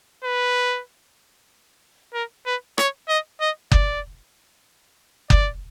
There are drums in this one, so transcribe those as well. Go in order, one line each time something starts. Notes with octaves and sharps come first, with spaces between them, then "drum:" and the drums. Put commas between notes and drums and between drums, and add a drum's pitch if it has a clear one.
B4
A#4
B4
C#5, drum: rim click
D#5
D#5
D5, drum: kick F#1
D5, drum: kick F#1